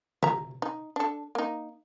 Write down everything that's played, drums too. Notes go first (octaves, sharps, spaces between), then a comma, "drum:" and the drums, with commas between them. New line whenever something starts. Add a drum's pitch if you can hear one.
E5 A#5, drum: tom C3
D#4
D4 A4
A#3 D#4